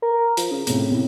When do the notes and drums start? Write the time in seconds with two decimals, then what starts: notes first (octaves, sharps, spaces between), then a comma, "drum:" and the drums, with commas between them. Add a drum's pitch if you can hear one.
0.02 A#4
0.37 F3, drum: hi-hat
0.51 C#3
0.67 A2 C3, drum: hi-hat
0.90 C3 E4